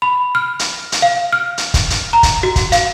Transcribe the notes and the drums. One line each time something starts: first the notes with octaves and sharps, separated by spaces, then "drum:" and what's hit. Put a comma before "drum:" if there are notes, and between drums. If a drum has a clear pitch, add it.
B5
F6
drum: hi-hat
drum: hi-hat
F5
F6
drum: hi-hat
drum: kick, hi-hat
drum: hi-hat
A#5
drum: kick, hi-hat
F#4
drum: kick, hi-hat
F5, drum: hi-hat